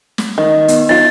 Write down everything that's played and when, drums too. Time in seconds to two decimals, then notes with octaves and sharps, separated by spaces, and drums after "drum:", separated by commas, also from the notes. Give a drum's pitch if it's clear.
0.18 drum: snare
0.38 D#3 D#5
0.68 B3, drum: hi-hat
0.89 D#4 F4 A6